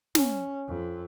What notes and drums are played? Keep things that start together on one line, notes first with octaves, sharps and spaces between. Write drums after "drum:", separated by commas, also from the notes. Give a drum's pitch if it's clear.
C#4, drum: snare
F2